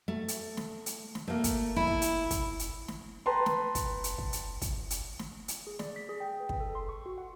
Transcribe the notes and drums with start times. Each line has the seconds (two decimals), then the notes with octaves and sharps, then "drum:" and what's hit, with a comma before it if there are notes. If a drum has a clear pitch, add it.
0.08 A3
0.28 drum: hi-hat
0.57 drum: snare
0.86 drum: hi-hat
1.15 drum: snare
1.28 A3 A#3
1.44 drum: kick, hi-hat
1.76 E4
1.87 drum: kick
2.02 drum: hi-hat
2.31 drum: kick, hi-hat
2.59 drum: hi-hat
2.88 drum: snare
3.26 B4 G5 A5 A#5 C6
3.46 drum: snare
3.75 drum: kick, hi-hat
4.04 drum: hi-hat
4.18 drum: kick
4.33 drum: hi-hat
4.62 drum: kick, hi-hat
4.90 drum: hi-hat
5.19 drum: snare
5.48 drum: hi-hat
5.67 G#4
5.79 D5, drum: snare
5.96 B6
6.09 G#4
6.20 G5
6.40 B4
6.49 drum: kick
6.60 A4
6.75 C6
6.89 C#6
7.06 F#4
7.18 F#5